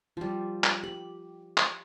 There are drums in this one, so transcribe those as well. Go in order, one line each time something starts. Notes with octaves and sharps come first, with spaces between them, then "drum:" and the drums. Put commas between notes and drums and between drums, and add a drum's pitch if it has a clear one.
F3 G3 F4 G4
drum: clap
G4 B5
drum: clap